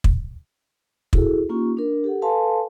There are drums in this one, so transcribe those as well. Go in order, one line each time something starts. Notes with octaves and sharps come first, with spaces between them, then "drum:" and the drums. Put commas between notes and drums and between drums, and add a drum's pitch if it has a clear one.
drum: kick
E4 F#4 G#4 A4, drum: kick
A#3 C#4 D#4 F4 G4 C#6
D4 A#4
G4 A4 F#5
A4 B4 F5 G#5 A5 C6